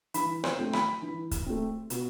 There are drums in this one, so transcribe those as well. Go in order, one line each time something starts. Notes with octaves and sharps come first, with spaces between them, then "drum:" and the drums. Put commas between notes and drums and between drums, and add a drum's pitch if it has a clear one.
E3 B5, drum: hi-hat
C5, drum: rim click
A3 C4
B5, drum: rim click
E3
drum: kick, hi-hat
A3 C4
B2, drum: hi-hat